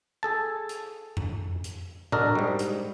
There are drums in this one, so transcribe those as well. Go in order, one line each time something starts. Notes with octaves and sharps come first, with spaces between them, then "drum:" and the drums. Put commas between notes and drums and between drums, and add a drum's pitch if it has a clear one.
G#4 A4 A5
drum: hi-hat
drum: tom F2
drum: hi-hat
D4 F#4 A4 A#4 D#5, drum: tom A2
G#2 G3
drum: hi-hat